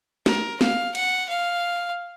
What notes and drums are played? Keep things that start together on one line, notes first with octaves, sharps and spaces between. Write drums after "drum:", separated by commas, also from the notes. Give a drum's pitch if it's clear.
A#4, drum: snare
F5, drum: snare
F#5, drum: cymbal
F5